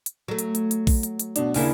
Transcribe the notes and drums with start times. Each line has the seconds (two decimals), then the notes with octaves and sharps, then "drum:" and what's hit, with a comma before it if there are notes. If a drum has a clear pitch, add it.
0.06 drum: hi-hat
0.28 F#3 A3
0.39 drum: hi-hat
0.55 drum: hi-hat
0.71 drum: hi-hat
0.87 drum: kick A#1, open hi-hat
1.03 drum: hi-hat
1.20 drum: hi-hat
1.36 B2 D4, drum: hi-hat
1.54 D#2 C#3 A#3 D4 E4, drum: open hi-hat